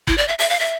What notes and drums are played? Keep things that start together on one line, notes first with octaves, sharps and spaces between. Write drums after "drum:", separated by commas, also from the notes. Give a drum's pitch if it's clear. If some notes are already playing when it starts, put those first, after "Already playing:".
E4, drum: kick
D5
E5
E5, drum: open hi-hat
F5
E5